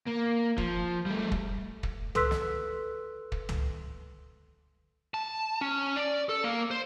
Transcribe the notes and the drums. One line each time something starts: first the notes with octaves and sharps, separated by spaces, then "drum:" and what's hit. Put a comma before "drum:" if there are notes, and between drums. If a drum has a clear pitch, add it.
A#3
F3, drum: kick
G3 A3
drum: kick
drum: kick
A4 B4 C6 E6 F#6 B6, drum: tom
drum: snare
drum: kick
drum: tom
A5
C#4
D5
A4
A#3
C5